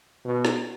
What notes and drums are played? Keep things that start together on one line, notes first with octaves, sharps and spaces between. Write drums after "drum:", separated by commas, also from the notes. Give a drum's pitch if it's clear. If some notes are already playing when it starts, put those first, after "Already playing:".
B2
drum: snare